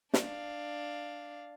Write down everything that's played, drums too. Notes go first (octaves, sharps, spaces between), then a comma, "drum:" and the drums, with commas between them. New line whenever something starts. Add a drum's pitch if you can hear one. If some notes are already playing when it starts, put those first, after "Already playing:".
D4 F5, drum: snare